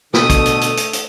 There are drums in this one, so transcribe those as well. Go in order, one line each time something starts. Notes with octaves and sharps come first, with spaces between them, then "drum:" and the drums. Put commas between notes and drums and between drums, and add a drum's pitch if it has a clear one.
B2 D3 A3 D#6, drum: snare
drum: kick, hi-hat
drum: hi-hat
drum: hi-hat
drum: hi-hat
drum: hi-hat